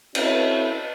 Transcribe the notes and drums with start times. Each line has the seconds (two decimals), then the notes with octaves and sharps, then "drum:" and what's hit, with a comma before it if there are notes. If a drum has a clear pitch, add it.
0.15 C4 C#4 E4 F#4 A4 C#5, drum: cymbal